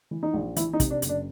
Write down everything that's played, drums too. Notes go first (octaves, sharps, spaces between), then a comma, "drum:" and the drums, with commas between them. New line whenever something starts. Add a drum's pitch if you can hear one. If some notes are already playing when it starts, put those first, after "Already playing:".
E3
D#4
A#1
E3 E4, drum: hi-hat
D#4
C3, drum: kick, hi-hat
D4
F#1, drum: hi-hat
D4